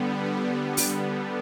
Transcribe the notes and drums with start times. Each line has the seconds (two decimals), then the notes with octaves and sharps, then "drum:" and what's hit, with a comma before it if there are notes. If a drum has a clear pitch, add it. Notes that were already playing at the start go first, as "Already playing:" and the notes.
Already playing: D3 G3 B3
0.77 drum: open hi-hat